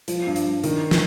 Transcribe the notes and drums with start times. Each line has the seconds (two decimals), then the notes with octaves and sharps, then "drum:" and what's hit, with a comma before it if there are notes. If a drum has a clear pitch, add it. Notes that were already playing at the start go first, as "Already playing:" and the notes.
0.08 F3, drum: hi-hat
0.27 G2
0.36 drum: hi-hat
0.45 G2
0.64 D#3, drum: hi-hat
0.91 drum: snare